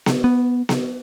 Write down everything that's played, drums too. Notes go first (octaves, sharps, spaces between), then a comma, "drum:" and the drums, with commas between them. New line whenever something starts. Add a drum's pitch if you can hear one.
drum: snare B3
B3
drum: snare B3